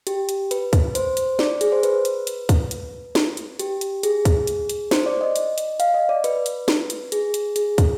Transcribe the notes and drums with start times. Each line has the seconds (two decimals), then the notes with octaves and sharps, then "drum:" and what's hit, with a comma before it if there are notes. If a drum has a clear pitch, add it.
0.07 G4, drum: hi-hat
0.29 drum: hi-hat
0.51 B4, drum: hi-hat
0.73 drum: kick, hi-hat
0.95 C5, drum: hi-hat
1.17 drum: hi-hat
1.39 D5, drum: snare
1.61 G#4, drum: hi-hat
1.72 C5
1.83 B4, drum: hi-hat
2.05 drum: hi-hat
2.27 drum: hi-hat
2.49 drum: kick, hi-hat
2.71 drum: hi-hat
3.15 drum: snare
3.37 drum: hi-hat
3.59 G4, drum: hi-hat
3.81 drum: hi-hat
4.03 G#4, drum: hi-hat
4.25 drum: kick, hi-hat
4.47 drum: hi-hat
4.69 drum: hi-hat
4.91 C5, drum: snare
5.06 D5
5.21 D#5
5.36 drum: hi-hat
5.58 drum: hi-hat
5.80 F5, drum: hi-hat
5.94 D#5
6.09 D5
6.24 B4, drum: hi-hat
6.46 drum: hi-hat
6.68 drum: snare
6.90 drum: hi-hat
7.12 G#4, drum: hi-hat
7.34 drum: hi-hat
7.56 G#4, drum: hi-hat
7.78 drum: kick, hi-hat